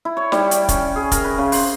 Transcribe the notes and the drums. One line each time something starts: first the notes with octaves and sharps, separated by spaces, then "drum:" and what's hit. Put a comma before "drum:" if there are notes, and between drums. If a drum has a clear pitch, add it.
E4
C#5
G3, drum: snare
G5, drum: hi-hat
C#4, drum: kick, hi-hat
G#4
A#4, drum: kick, hi-hat
B4
C#3
C5, drum: open hi-hat